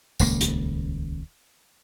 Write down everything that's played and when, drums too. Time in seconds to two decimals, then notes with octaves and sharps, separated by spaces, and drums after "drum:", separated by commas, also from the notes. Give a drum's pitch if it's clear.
0.19 D#1 C#2 A#3, drum: tambourine
0.41 drum: hi-hat